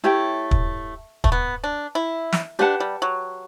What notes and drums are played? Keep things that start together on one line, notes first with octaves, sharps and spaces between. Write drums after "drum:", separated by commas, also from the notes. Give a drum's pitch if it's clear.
A3 E4 G4 C#5 G5
drum: kick
A3, drum: kick
B3
D4
E4
drum: snare
D4 G4 B4 F#5 A5
G3
F#3